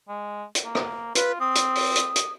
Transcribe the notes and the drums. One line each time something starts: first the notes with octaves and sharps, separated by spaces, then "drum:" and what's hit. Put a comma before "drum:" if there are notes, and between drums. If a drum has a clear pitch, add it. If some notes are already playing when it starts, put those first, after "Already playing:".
G#3
drum: hi-hat
A#3
drum: rim click
F4 B4, drum: hi-hat
C4 D#6
drum: hi-hat
drum: open hi-hat
drum: hi-hat
drum: hi-hat